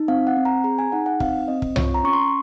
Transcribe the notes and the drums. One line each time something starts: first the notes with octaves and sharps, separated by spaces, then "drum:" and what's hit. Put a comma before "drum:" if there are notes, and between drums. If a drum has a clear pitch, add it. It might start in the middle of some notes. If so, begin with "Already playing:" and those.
Already playing: D#4
C4 F5
F#5
C4
A#5
G#4 A#5
G#5
D#4 F#5
F#5
C4 F5, drum: kick
C4 D#5
drum: kick
F4 C#5, drum: tom C2
A#5
C#4 C#6
C6